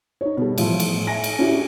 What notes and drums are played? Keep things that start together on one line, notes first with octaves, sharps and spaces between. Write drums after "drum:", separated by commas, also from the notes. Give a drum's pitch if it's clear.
D#4 C#5
B2 G3 A4
A2 E3 F3, drum: cymbal
drum: cymbal
E5 G#5 A#6 D7
drum: cymbal
C#4 D4 E4 F#4 G4